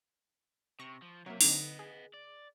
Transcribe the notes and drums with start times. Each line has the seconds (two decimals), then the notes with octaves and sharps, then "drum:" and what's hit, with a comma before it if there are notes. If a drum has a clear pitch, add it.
0.79 C3 C#6 A#6
1.02 F3
1.26 C3 F#3 A#3 E5
1.41 D3 C4 D#4 B4 D#5, drum: open hi-hat
1.79 G#4
2.14 D5